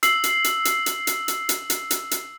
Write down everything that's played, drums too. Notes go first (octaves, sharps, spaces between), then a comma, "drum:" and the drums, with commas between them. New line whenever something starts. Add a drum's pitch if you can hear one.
E6 C7 F#7, drum: hi-hat
drum: hi-hat
drum: hi-hat
drum: hi-hat
drum: hi-hat
drum: hi-hat
drum: hi-hat
drum: hi-hat
drum: hi-hat
drum: hi-hat
drum: hi-hat